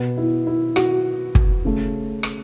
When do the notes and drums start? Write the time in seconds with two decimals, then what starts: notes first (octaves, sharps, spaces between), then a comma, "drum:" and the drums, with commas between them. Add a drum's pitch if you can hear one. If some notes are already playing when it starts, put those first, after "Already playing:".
Already playing: B2 B3
0.17 E4
0.47 E4
0.76 F#4, drum: rim click
1.35 drum: kick
1.65 C#3 A3
2.23 drum: rim click